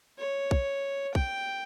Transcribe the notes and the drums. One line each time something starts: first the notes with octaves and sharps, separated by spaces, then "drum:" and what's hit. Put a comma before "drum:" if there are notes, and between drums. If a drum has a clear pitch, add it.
C#5
drum: kick
G5, drum: kick